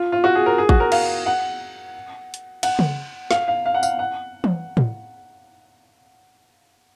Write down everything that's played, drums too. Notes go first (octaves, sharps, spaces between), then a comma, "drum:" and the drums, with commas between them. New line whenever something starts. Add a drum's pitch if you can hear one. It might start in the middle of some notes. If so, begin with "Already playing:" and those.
Already playing: F4
F4
F#4
G#4
A#4
G#4
F#4, drum: kick A1
A#4
F5, drum: cymbal
F#5
drum: hi-hat
F#5, drum: cymbal
drum: tom C#3
F5, drum: snare
F5
F5
F#5
F5, drum: tambourine
F#5
drum: tom E3
drum: tom A2